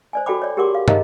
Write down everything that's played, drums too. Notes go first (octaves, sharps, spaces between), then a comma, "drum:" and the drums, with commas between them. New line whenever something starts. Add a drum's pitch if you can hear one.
C5 D5 G#5
F#4 A4 D5 G5 B5 D6
C#5 D5
G4 G#4 A#4 F#5 C6 D6
F5
D#4 A#4 C#5 D#5 F5 A#5, drum: tom